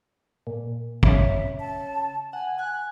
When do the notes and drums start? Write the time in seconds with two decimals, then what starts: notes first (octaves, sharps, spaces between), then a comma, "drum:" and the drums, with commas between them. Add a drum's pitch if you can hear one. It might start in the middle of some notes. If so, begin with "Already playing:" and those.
0.47 A#2
1.03 C#3 E5, drum: kick
1.60 A5
2.33 F#5 G#5
2.59 G#5 F#6